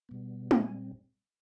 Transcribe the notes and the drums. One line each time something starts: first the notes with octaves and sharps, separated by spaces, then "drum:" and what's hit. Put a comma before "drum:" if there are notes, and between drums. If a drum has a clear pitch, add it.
B2 G3 B3
A#2 G3 C4 G#5, drum: tom